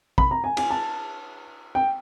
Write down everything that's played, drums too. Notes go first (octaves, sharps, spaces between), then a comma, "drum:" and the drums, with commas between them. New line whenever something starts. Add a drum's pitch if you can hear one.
B5, drum: kick
A#5
G#5
G#5, drum: cymbal
A5
G5